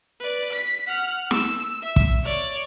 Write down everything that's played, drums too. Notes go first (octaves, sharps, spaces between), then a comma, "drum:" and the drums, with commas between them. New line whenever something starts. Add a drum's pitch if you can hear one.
B4 D5
B6
F#5 F6
E6, drum: snare
E5
drum: kick
C#5 D5